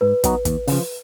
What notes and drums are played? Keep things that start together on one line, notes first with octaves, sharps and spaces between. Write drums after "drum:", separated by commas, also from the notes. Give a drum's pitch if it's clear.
G#2 B4
F#3 B3 D#4, drum: kick, hi-hat
D#2, drum: kick, hi-hat
C#3 F3, drum: open hi-hat